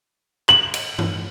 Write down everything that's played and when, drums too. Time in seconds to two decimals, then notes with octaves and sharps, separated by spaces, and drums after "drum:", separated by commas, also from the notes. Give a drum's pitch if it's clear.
0.49 F#7, drum: clap
0.74 drum: cymbal
0.99 drum: tom G2